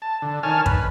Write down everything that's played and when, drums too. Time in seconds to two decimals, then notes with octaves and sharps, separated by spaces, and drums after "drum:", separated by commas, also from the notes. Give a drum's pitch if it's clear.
0.02 A5
0.22 D3
0.43 D#3 C#5 G#5 A5 F6
0.66 B4, drum: kick